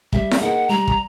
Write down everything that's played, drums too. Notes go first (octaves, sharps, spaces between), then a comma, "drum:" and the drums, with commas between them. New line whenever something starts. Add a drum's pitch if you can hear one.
G3 E5, drum: kick
drum: snare E4
A#3 D#4 G#4 F#5
G3 A#5
drum: kick